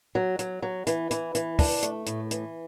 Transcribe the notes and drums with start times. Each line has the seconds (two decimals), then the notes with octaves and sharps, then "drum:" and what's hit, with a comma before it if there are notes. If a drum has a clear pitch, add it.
0.15 F#3
0.39 F#3, drum: hi-hat
0.62 F#3
0.87 E3, drum: hi-hat
1.11 E3, drum: hi-hat
1.35 E3, drum: hi-hat
1.59 D4, drum: kick, open hi-hat
1.83 A3, drum: hi-hat
2.06 A2, drum: hi-hat
2.31 E3, drum: hi-hat